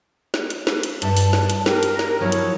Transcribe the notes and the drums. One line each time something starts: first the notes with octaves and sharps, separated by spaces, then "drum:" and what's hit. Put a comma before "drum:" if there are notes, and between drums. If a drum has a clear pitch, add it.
drum: snare
drum: hi-hat
drum: snare
drum: hi-hat
G2 E5 A5, drum: hi-hat
drum: open hi-hat
drum: snare
drum: hi-hat
G4 A#4, drum: snare
drum: hi-hat
drum: snare
F3 F#3 E4 C#5
drum: hi-hat